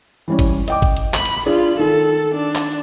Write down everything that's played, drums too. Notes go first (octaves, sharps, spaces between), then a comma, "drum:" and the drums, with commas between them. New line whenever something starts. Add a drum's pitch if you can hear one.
E3 G3 C#4
drum: kick G1, hi-hat
D#5 G5 D6, drum: hi-hat
drum: kick G1
drum: hi-hat
B5, drum: clap
drum: hi-hat
D4 F4 G#4 D5
D#3 A4
D4
drum: clap